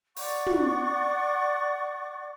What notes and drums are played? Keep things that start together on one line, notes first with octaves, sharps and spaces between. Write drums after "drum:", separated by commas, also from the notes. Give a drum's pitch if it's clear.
D5 F#5 C#6 D6, drum: open hi-hat
drum: tom